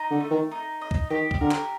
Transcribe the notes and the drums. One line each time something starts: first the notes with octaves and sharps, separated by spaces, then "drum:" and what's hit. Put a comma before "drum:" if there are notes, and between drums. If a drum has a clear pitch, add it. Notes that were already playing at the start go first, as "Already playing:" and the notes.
Already playing: D#4
D3
A3
D#3
D#4
D#5
drum: kick
D#3 G4
drum: kick
D3 A#4
drum: clap